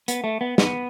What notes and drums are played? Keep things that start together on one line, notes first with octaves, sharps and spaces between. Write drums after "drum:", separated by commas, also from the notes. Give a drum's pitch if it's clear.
B3, drum: hi-hat
A3
B3
B3, drum: snare